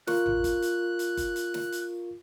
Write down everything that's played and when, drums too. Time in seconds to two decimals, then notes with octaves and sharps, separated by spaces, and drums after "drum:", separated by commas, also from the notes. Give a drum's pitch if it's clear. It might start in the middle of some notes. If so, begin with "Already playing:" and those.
0.07 F4 A#4 C#6 F#6, drum: snare
0.26 drum: tom A1
0.44 drum: kick F#1, hi-hat
0.62 drum: hi-hat
0.99 drum: hi-hat
1.17 drum: kick F#1, hi-hat
1.36 drum: hi-hat
1.54 drum: snare
1.72 drum: hi-hat